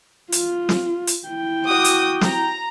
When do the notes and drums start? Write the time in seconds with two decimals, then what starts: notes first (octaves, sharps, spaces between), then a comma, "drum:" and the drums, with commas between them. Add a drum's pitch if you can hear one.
0.32 F4, drum: hi-hat
0.69 drum: snare
1.07 drum: hi-hat
1.28 E4 G5
1.65 F#4 D6 D#6
1.84 drum: hi-hat
2.21 A#5, drum: snare